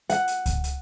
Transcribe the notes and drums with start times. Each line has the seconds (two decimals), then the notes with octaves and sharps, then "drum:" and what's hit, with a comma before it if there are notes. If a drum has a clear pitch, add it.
0.09 F#5, drum: hi-hat
0.28 drum: hi-hat
0.46 drum: kick C#2, hi-hat
0.64 drum: hi-hat